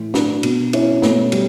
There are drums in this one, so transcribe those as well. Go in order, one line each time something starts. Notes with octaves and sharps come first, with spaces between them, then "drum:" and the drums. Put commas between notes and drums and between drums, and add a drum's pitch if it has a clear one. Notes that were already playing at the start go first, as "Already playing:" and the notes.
Already playing: A2 E3
D4 F#4, drum: snare
B2, drum: cymbal
C#4 E4, drum: cymbal
B2 A3 C#4, drum: snare
G3, drum: cymbal